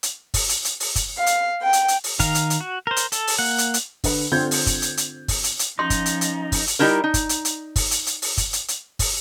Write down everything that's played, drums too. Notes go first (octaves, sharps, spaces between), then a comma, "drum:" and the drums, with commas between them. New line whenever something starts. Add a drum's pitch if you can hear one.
drum: hi-hat
drum: kick, open hi-hat
drum: hi-hat
drum: hi-hat
drum: open hi-hat
drum: kick, hi-hat
F5
drum: hi-hat
G5
drum: hi-hat
drum: hi-hat
drum: open hi-hat
D#3 A#4 F5, drum: kick, hi-hat
drum: hi-hat
drum: hi-hat
F#4
A#4 C5
drum: hi-hat
A4, drum: hi-hat
drum: open hi-hat
A#3 F#5
drum: hi-hat
drum: hi-hat
D3 B4, drum: kick, open hi-hat
D3 C4 F4 G6 G#6
drum: open hi-hat
drum: kick, hi-hat
drum: hi-hat
drum: hi-hat
drum: kick, open hi-hat
drum: hi-hat
drum: hi-hat
F3 C#4 D#4 C6
drum: kick, hi-hat
drum: hi-hat
drum: hi-hat
drum: kick, open hi-hat
drum: hi-hat
G3 D#4 E4 A#4
D#4
drum: kick, hi-hat
drum: hi-hat
drum: hi-hat
drum: kick, open hi-hat
drum: hi-hat
drum: hi-hat
drum: open hi-hat
drum: kick, hi-hat
drum: hi-hat
drum: hi-hat
drum: kick, open hi-hat